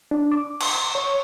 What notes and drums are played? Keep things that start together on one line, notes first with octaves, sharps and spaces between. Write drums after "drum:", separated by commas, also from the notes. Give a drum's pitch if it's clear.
D4
D6
drum: cymbal
C#5